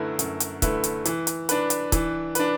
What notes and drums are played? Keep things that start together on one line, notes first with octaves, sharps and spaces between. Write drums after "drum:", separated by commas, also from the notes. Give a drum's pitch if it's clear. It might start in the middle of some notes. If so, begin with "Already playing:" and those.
Already playing: F#2 D3 A3 E4 B4
F#2, drum: hi-hat
drum: hi-hat
D3 A3 E4 B4, drum: kick, hi-hat
drum: hi-hat
E3, drum: hi-hat
drum: hi-hat
D4 B4, drum: hi-hat
drum: hi-hat
E3, drum: kick, hi-hat
D4 B4, drum: hi-hat